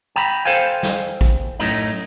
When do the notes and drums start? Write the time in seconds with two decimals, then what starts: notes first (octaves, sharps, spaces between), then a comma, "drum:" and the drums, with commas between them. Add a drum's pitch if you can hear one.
0.16 G5 A#5 B5
0.45 A4 C5 F5 G5 G#5
0.83 drum: snare
1.21 drum: kick
1.60 F#2 A2 D#4, drum: cymbal